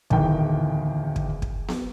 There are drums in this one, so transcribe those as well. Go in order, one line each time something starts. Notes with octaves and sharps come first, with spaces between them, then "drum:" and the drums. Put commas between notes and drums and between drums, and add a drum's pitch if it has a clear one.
D1 E2 D#3 G5, drum: kick
drum: kick
drum: kick
drum: snare B3